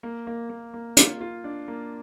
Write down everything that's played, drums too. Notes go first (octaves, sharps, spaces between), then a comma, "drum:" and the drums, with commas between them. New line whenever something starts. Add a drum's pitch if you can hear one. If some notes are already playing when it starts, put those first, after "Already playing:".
A#3
A#3
A#3
A#3
F4, drum: hi-hat
F4
D4
A#3